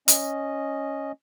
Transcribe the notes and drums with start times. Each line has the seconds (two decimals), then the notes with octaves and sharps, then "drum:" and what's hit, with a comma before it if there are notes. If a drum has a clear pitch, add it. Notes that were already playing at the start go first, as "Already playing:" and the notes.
0.08 C#4 D#5, drum: hi-hat